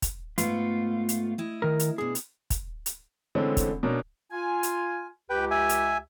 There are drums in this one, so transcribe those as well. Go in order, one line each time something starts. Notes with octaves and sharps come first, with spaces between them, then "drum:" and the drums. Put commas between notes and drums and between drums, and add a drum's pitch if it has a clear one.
drum: kick, hi-hat
G#2 A3 B3 F4, drum: hi-hat
drum: hi-hat
E4 D#5
D#3 A#4
drum: hi-hat
B2 D4 G#4
drum: hi-hat
drum: kick, hi-hat
drum: hi-hat
D3 E3 G#3 A3 C4 C#4
drum: kick, hi-hat
B2 C#4 D4 A#4
F4 G#5
drum: hi-hat
C#2 G4 B4 G5
E5 G#5
drum: hi-hat